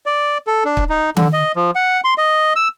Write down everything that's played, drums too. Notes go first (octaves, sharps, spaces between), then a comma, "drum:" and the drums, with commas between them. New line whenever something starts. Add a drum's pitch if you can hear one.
D5
A4
D4
drum: kick
D#4
D3, drum: tom D#3
D#5
F3
F#5
C6
D#5
E6